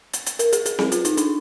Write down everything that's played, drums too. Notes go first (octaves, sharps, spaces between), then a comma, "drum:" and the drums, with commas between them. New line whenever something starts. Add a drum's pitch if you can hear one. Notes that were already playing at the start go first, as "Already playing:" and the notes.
drum: hi-hat
drum: hi-hat
A#4, drum: hi-hat
G#4, drum: hi-hat
G#4, drum: hi-hat
G#4, drum: snare C4
F4, drum: hi-hat
D#4, drum: hi-hat
D4, drum: hi-hat